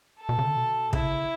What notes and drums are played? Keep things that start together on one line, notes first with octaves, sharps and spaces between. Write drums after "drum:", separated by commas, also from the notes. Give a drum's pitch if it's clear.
A4
B2
C#3
D3
B2
C#3 E4, drum: kick